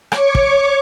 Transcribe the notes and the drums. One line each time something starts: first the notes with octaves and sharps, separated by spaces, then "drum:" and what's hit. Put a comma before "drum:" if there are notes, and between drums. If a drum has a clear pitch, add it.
C#5 C#6 D6, drum: rim click
drum: kick